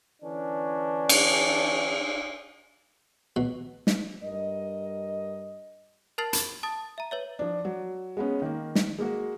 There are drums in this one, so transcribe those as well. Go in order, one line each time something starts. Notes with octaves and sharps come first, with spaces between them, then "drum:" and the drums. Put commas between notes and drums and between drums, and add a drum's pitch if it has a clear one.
D3 E3 C#4 D4
drum: cymbal
B2
drum: snare
G2 A#4 D#5
A#4 A5 F6 A6 C7 F#7
B5, drum: hi-hat
A5 D#6 A6
E5 A#5
B4 C#5 E5
F3 D4
F#3
G#3 B3 C#4
D#3 A#3
drum: snare
G#3 A#3 F#4